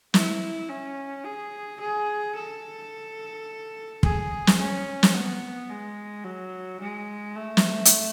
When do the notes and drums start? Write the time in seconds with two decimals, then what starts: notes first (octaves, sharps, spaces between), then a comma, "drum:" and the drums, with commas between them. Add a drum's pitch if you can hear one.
0.14 E4, drum: snare
0.69 C#4
1.25 G#4
1.80 G#4
2.36 A4
4.03 G#4, drum: kick
4.47 drum: snare
4.58 C#4
5.03 drum: snare
5.14 B3
5.69 G#3
6.24 F#3
6.81 G#3
7.36 A3
7.57 drum: snare
7.85 drum: hi-hat